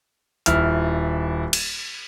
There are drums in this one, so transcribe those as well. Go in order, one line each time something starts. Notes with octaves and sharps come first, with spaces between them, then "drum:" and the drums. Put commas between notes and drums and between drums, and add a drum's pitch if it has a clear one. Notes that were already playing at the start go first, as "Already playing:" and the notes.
D#1 E4 F6, drum: hi-hat
drum: cymbal